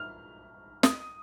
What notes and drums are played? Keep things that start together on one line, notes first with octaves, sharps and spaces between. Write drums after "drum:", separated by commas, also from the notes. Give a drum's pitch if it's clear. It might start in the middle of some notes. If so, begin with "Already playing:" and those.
Already playing: F6
D#6, drum: snare